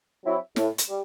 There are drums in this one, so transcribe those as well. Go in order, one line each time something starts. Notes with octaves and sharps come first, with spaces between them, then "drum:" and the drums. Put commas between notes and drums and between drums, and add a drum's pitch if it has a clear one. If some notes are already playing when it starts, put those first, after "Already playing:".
F#3 C4 E4
A2, drum: snare
drum: hi-hat
G3